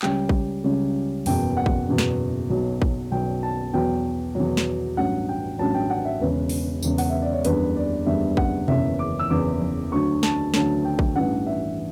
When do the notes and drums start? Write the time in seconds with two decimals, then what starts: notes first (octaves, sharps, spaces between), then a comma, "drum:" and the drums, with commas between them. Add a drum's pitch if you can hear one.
0.02 C#2 C#3 G3 G5, drum: clap
0.29 drum: kick
0.64 C#2 C#3 G3
1.26 F#1 E2 B2 G5, drum: open hi-hat
1.57 F#5
1.66 drum: kick
1.88 F#1 E2 B2
1.98 drum: snare
2.50 B1 B2 F#3
2.82 drum: kick
3.11 B1 B2 F#3 G5
3.43 A5
3.73 E2 B2 F#3 G5
4.35 E2 B2 F#3
4.57 drum: snare
4.97 A1 G2 F#3 F#5
5.29 G5
5.59 A1 G2 F#3 A5
5.74 G5
5.90 F#5
6.05 E5
6.20 E1 E2 C#3 B4
6.49 drum: open hi-hat
6.83 E1 E2 C#3, drum: tambourine
6.98 F#5, drum: open hi-hat
7.10 E5
7.22 D5
7.33 C#5
7.45 F#1 E2 D3 G3 B4, drum: hi-hat
7.76 D5
8.06 F#1 E2 D3 G3 E5
8.37 F#5, drum: kick
8.68 F#1 E2 C#3 E3 E5, drum: tom B2
8.99 D6
9.19 E6
9.30 F#1 E2 C#3 E3 D6
9.62 drum: tom E3
9.92 D2 D3 F#3 C#6
10.23 A5, drum: snare
10.54 D2 D3 F#3 A5, drum: snare
10.85 G5
10.99 drum: kick
11.16 A1 G2 E3 F#5
11.47 E5